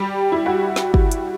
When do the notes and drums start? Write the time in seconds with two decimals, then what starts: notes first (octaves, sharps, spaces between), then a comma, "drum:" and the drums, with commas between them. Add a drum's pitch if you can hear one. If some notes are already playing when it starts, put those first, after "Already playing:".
Already playing: G3 G4
0.32 E4
0.46 F#4
0.76 drum: snare
0.94 drum: kick G1
1.11 drum: hi-hat